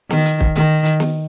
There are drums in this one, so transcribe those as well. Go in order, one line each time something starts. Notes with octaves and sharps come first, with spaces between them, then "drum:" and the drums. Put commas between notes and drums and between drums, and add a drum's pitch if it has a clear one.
D#3, drum: snare
drum: hi-hat
drum: kick
D#3, drum: hi-hat
drum: hi-hat
drum: snare